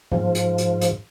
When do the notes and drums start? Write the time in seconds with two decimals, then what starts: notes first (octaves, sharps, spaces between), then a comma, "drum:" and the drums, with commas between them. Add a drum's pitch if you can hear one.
0.12 G#2 F3, drum: tom G2
0.35 drum: hi-hat
0.58 drum: hi-hat
0.81 drum: hi-hat